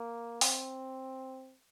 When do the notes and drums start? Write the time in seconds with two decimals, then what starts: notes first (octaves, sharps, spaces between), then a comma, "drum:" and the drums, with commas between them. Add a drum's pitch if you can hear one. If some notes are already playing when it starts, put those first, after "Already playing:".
Already playing: A#3
0.41 C4, drum: open hi-hat